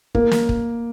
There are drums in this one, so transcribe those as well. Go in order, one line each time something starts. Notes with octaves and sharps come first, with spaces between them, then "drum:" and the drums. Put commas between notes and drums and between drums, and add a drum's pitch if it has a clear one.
A#3, drum: kick
drum: snare
drum: kick